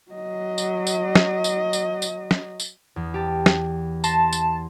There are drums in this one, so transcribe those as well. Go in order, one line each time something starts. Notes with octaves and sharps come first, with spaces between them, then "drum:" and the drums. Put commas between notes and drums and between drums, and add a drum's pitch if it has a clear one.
F#3 D#5
drum: tambourine
drum: tambourine
drum: snare
drum: tambourine
drum: tambourine
drum: tambourine
drum: snare
drum: tambourine
E2
G4 A5
drum: snare
A5 C6 A#6, drum: tambourine
drum: tambourine